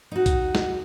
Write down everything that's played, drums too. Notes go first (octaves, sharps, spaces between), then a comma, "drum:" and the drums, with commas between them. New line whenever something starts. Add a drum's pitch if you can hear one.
D#4 F#4
drum: kick, hi-hat
drum: snare